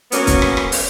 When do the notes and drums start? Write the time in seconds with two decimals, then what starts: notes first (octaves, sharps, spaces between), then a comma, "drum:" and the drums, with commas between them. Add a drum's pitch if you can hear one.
0.12 F#3 A#3 B3 C#4, drum: hi-hat
0.27 drum: kick, hi-hat
0.42 drum: rim click
0.57 drum: rim click
0.72 drum: open hi-hat